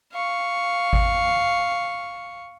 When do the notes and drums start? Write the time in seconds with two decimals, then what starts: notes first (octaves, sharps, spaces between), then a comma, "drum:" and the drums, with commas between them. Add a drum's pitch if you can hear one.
0.13 F5 C#6
0.93 drum: kick G#1